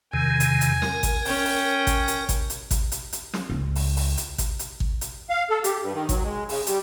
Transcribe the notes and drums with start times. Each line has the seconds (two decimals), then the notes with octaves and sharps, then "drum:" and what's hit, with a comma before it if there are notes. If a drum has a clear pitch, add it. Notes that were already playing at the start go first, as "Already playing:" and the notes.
0.13 E2 C3 D#3 G#5
0.40 drum: hi-hat
0.61 drum: hi-hat
0.82 A#4, drum: snare
1.03 drum: kick, hi-hat
1.25 C#4 G5, drum: open hi-hat
1.45 drum: open hi-hat
1.87 drum: kick, hi-hat
2.08 drum: hi-hat
2.29 drum: kick, hi-hat
2.50 drum: hi-hat
2.71 drum: kick, hi-hat
2.92 drum: hi-hat
3.13 drum: hi-hat
3.34 drum: snare
3.50 C#2
3.75 drum: open hi-hat
3.96 drum: open hi-hat
4.17 drum: hi-hat
4.38 drum: kick, hi-hat
4.59 drum: hi-hat
4.80 drum: kick
5.01 drum: hi-hat
5.29 F5
5.50 A4
5.64 G4, drum: hi-hat
5.82 G2
5.93 D#3
6.09 F#3, drum: kick, hi-hat
6.24 G#3
6.49 C#3, drum: open hi-hat
6.67 G3, drum: hi-hat